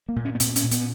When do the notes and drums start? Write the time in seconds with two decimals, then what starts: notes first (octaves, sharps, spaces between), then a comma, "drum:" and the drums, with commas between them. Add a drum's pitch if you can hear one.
0.09 A#3
0.16 A#2
0.25 C#4
0.35 B3
0.40 A#2 C4, drum: hi-hat
0.56 C#4, drum: hi-hat
0.63 A#2
0.71 B3, drum: hi-hat